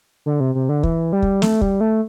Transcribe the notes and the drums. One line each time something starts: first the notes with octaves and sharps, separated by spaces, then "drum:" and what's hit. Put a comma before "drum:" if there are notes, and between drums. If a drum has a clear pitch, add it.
D3
C3
C3
D3
E3, drum: kick
G3
drum: kick
A3, drum: snare
G3, drum: kick
A3